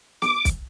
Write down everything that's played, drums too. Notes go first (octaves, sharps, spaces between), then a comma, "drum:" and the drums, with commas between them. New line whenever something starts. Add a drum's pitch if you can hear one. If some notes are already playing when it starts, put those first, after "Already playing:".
D6, drum: snare
drum: kick, hi-hat